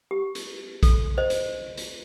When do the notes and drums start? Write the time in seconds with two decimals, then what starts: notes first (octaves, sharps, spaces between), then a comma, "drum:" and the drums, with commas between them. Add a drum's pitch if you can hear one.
0.11 G4
0.35 drum: hi-hat
0.83 A4, drum: kick A#1, hi-hat
1.18 C5 D#5
1.30 drum: hi-hat
1.77 drum: hi-hat